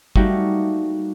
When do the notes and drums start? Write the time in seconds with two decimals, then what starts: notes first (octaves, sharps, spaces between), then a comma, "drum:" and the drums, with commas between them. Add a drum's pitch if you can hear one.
0.16 G3 A3 A#3 D#4 F#4 G4, drum: kick